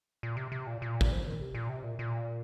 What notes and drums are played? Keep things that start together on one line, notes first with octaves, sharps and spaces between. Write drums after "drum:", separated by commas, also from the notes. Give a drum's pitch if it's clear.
A#2
C3
C3
A#2
A#2
drum: kick
F3
D#3
C3
A#2
C3
A#2
A#2